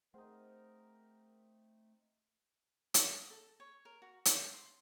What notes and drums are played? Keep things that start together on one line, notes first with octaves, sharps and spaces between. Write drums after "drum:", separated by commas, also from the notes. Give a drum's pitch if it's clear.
A3 C4 D#4 G#4 A#4 C5 F#5
F#4, drum: hi-hat
D#5
A4
C#5
A#4
F#4
C5, drum: hi-hat
C6